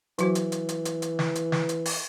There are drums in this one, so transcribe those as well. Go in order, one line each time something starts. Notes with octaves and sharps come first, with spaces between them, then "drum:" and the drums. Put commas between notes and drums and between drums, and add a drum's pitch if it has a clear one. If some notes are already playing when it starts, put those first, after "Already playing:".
E3 F#3 F#4 C5, drum: hi-hat
drum: hi-hat
drum: hi-hat
drum: hi-hat
drum: hi-hat
drum: hi-hat
drum: snare
drum: hi-hat
drum: snare
drum: hi-hat
drum: open hi-hat